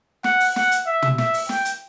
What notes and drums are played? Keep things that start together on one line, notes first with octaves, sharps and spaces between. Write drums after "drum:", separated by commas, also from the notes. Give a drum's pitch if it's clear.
F#5, drum: snare
drum: open hi-hat
F#5, drum: snare
drum: hi-hat
E5
drum: tom
E5, drum: snare
drum: open hi-hat
G5, drum: snare
drum: hi-hat